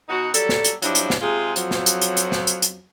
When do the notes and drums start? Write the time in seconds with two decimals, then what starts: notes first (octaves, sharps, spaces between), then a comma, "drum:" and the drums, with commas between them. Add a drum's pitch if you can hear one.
0.09 B2 D#4 F#4
0.34 F#3 G3 A4, drum: hi-hat
0.49 drum: snare
0.64 drum: hi-hat
0.82 G2 F3 F#3 D4 E4, drum: hi-hat
0.95 drum: hi-hat
1.10 drum: snare
1.21 C3 G#3 F4 G#4
1.56 F2 F3 F#3, drum: hi-hat
1.71 drum: snare
1.86 drum: hi-hat
2.01 drum: hi-hat
2.17 drum: hi-hat
2.32 drum: snare
2.47 drum: hi-hat
2.62 drum: hi-hat